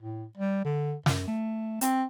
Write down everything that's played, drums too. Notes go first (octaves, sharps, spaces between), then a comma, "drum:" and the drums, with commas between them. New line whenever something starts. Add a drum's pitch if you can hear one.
A2
G3
D3
F#2, drum: snare
A3
C4, drum: hi-hat